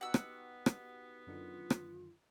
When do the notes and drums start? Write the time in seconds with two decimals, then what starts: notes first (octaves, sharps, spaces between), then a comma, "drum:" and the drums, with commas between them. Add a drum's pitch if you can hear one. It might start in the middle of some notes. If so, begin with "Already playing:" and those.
0.01 B3 D#4 F#4 G4 F#5 E6
0.14 drum: rim click
0.66 drum: rim click
1.27 F#2 D3 D#3 F4
1.70 drum: rim click